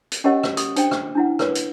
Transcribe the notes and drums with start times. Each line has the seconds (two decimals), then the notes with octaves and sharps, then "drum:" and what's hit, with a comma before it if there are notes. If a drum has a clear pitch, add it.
0.12 drum: hi-hat
0.24 C#4 G4 A#4 C#5 D#5 F#5
0.43 drum: rim click
0.57 G4 D#6, drum: hi-hat
0.76 D4 C5 G5, drum: hi-hat
0.91 drum: rim click
1.15 D4 E4 F#5
1.39 E4 A#4 B4 C#5, drum: rim click
1.55 drum: hi-hat